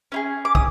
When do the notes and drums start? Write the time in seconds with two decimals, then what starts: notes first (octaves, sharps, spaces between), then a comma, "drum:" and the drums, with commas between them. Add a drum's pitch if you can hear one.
0.12 C#4 E4 G#4
0.45 D6
0.55 D#6, drum: kick